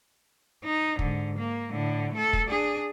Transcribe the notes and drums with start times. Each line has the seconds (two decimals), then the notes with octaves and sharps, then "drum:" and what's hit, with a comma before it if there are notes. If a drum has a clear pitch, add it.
0.65 D#4
0.99 G#2 D3, drum: kick
1.38 A#3
1.71 A2 D3
2.14 A3 A4
2.33 drum: kick
2.47 D4 G#4